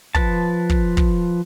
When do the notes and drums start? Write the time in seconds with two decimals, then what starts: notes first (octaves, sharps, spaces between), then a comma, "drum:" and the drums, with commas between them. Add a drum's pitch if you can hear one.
0.15 F3 B4 A5, drum: kick
0.69 drum: kick
0.97 drum: kick